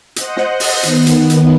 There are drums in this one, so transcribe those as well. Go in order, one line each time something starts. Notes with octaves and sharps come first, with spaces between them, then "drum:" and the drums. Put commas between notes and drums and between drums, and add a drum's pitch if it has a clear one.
C5 D#5 F#5, drum: hi-hat
drum: snare
drum: open hi-hat
D#3 B3, drum: hi-hat
drum: hi-hat
drum: hi-hat